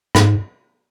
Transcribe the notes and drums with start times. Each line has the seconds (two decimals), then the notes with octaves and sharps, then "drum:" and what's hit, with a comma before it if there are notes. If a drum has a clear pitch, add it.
0.15 G#2, drum: rim click